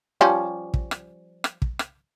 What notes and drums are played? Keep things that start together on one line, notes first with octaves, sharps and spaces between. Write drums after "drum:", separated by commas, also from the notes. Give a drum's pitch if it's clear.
F3 G3 C#4
drum: kick
drum: rim click
drum: rim click
drum: kick
drum: rim click